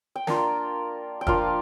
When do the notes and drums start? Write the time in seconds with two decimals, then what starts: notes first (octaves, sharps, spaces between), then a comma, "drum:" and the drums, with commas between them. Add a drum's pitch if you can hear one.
0.16 G5
0.27 A#3 D4 F4 A#5, drum: snare
1.21 G5
1.27 F3 A#3 D4 F4 F5, drum: kick